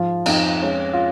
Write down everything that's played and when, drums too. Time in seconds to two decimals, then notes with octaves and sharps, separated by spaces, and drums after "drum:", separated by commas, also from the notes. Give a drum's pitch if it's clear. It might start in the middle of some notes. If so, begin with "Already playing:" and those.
Already playing: G#2 F3 F4
0.26 F2 D#4, drum: cymbal
0.62 G#3 C#4
0.93 F4